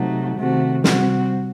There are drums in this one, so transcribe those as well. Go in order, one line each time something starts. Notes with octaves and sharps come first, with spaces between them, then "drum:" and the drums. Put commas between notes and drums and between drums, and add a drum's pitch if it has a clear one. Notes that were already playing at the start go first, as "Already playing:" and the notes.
Already playing: C3 F#3 A3 D#4 F#4
C3 D#3 A3 C4 F#4
C3 G3 C4 F#4, drum: snare